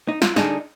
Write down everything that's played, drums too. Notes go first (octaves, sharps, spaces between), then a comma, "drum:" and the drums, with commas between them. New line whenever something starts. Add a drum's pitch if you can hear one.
D#4
F4, drum: snare
D3 G3 D4 D#4 G#4, drum: snare